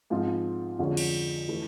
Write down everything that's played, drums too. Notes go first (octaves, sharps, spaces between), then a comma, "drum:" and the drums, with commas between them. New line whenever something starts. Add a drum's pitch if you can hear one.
G#2 F3 G#3 C4 F4
F2 D3 F3 G#3 C#4
drum: cymbal
E3 A3